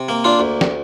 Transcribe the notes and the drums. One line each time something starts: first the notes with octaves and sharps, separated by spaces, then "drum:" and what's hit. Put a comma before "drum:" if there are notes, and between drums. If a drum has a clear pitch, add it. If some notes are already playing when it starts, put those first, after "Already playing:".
Already playing: C3
A#3
D4 F4
D2
drum: snare